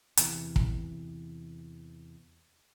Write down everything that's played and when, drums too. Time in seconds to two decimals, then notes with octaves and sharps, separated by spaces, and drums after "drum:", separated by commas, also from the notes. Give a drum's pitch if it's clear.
0.17 E2 C3 E3, drum: hi-hat
0.56 drum: kick